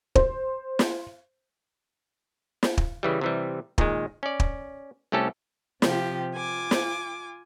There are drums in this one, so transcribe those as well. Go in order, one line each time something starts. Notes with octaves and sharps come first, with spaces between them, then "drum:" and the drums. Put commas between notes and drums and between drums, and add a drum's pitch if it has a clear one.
C5, drum: kick
drum: snare
drum: snare
drum: kick
C#3 E3 G3
C3 E3 G3
A#2 D#3 G#3, drum: kick
C#4 D5
drum: kick
C2 A3 C#4 G4 A4
C3 F3 G4, drum: snare
F4 G#5 D6
drum: snare